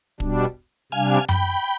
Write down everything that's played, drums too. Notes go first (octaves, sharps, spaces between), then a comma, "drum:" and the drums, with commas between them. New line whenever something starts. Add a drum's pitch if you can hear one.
B2 G3 D4, drum: kick
C3 G3 D4 F5 G#5
G5 B5, drum: tom F#2